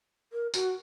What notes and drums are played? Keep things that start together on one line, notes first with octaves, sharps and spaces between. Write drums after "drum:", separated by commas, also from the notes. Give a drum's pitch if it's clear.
A#4
F#4, drum: tambourine